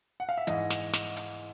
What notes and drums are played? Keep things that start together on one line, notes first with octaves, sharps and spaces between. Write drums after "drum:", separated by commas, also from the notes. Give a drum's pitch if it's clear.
F#5
F5
E5
G#2 E3 D#5, drum: hi-hat
drum: snare
drum: snare
drum: hi-hat